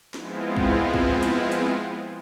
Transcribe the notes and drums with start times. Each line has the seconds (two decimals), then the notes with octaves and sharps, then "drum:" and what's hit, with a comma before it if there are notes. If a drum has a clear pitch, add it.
0.14 F3 G#3 B3 C4 E4 F4, drum: snare
0.57 drum: kick
0.94 drum: kick
1.23 drum: hi-hat
1.52 drum: hi-hat